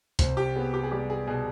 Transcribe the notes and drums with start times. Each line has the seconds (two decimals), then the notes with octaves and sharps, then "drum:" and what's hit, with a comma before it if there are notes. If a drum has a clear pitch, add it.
0.19 C2 C5, drum: kick C#2, hi-hat
0.37 G4
0.55 B3 G#4
0.74 G4
0.83 G#4
0.92 G3 G4
1.10 G#4
1.27 B2 G#4